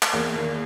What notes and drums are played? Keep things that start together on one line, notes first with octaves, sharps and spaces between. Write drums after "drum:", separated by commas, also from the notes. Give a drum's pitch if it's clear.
drum: clap
E2 A#3
D#3 A#3